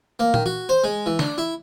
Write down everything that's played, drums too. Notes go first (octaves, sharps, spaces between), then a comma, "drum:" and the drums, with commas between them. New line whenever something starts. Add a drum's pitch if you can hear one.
A#3
D#3, drum: tom
F#4, drum: tom
C5
G#3
E3
D4, drum: snare
E4